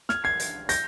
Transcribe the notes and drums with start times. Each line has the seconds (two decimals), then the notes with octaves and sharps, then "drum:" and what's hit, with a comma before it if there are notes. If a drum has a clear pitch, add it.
0.09 F6 G#6, drum: snare
0.24 G#6 C7
0.40 drum: hi-hat
0.69 G6 A#6, drum: hi-hat